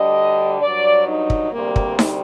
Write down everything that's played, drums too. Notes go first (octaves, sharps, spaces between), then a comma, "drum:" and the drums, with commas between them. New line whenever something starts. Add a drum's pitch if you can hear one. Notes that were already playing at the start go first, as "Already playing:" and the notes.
Already playing: D2 D3 G3 D#5
G2 F#3 D5
D#4
drum: kick
D2 C3 G3 A#3
drum: kick
drum: snare D#4